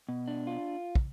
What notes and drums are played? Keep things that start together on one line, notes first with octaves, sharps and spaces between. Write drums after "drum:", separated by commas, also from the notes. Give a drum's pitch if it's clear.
B2
D4
F4
drum: kick